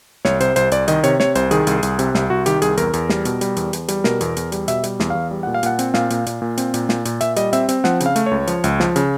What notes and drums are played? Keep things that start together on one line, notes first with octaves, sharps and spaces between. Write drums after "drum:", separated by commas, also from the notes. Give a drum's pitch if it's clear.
C2 C#5, drum: snare
C3 C5, drum: hi-hat
C2 C5, drum: hi-hat
C2 D5, drum: hi-hat
D#3 D#5, drum: hi-hat
C3 C#5, drum: hi-hat
C3 C#5, drum: snare
C2 C5, drum: hi-hat
D#3 G#4, drum: hi-hat
C2, drum: hi-hat
C2, drum: hi-hat
C3, drum: hi-hat
C2, drum: snare
C2 F#4
D#3 G4, drum: hi-hat
C2 G#4, drum: hi-hat
E2 A#4, drum: hi-hat
E2, drum: hi-hat
G3, drum: snare
B2, drum: hi-hat
G3, drum: hi-hat
E2, drum: hi-hat
E2, drum: hi-hat
G3, drum: hi-hat
B2 A#4, drum: snare
E2, drum: hi-hat
E2, drum: hi-hat
G3, drum: hi-hat
B2 E5, drum: hi-hat
G3, drum: hi-hat
E2, drum: snare
E2 F5
G3
A#2 F#5
F5
A#2 F#5, drum: hi-hat
C4, drum: hi-hat
A#2 F5, drum: snare
A#2, drum: hi-hat
A#2, drum: hi-hat
A#2
C4, drum: hi-hat
A#2, drum: hi-hat
A#2, drum: snare
A#2, drum: hi-hat
A#2 E5, drum: hi-hat
G3 D#5, drum: hi-hat
C4 E5, drum: hi-hat
C4, drum: hi-hat
F3 F#5, drum: snare
C#3, drum: hi-hat
F5
A3, drum: hi-hat
C#2 C#5
F3, drum: hi-hat
C#2, drum: hi-hat
F3, drum: snare
C#3, drum: hi-hat